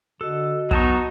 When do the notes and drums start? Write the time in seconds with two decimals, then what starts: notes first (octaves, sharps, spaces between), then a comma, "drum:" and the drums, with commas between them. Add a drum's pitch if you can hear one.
0.21 D3 F#4 A4 D#5
0.71 F#3 B3 D#4 A5 C#6, drum: kick